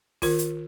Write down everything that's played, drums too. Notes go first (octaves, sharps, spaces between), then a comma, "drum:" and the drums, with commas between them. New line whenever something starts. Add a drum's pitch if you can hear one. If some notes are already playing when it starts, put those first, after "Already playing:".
D#3 F4 A#4, drum: kick, open hi-hat
drum: hi-hat